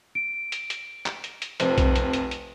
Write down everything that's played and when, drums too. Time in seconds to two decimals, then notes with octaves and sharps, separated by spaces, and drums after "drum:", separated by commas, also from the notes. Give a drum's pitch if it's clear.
0.15 D7
0.52 drum: hi-hat
0.70 drum: hi-hat
1.06 drum: clap
1.24 drum: hi-hat
1.42 drum: hi-hat
1.60 F1 F2 C5, drum: hi-hat
1.78 drum: kick B1, hi-hat
1.96 drum: hi-hat
2.13 drum: hi-hat
2.31 drum: hi-hat